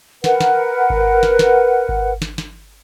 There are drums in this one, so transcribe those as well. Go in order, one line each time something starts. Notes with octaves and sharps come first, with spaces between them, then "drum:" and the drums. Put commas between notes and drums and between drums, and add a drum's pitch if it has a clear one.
A#4 B4 F#5, drum: snare
drum: snare
drum: kick G#1
drum: snare
drum: snare
drum: kick G#1
drum: snare
drum: snare